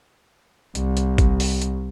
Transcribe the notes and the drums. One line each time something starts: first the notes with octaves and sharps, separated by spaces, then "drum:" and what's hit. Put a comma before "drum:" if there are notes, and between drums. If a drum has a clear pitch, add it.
C2, drum: hi-hat
drum: hi-hat
drum: kick, hi-hat
drum: open hi-hat
drum: hi-hat